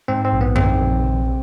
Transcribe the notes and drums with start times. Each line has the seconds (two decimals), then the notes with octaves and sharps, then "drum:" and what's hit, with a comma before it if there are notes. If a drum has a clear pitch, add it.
0.08 G#2 C4
0.25 C4
0.33 A#1
0.41 B3
0.56 D#3 C4, drum: tom F#2
0.81 A#1
1.04 C3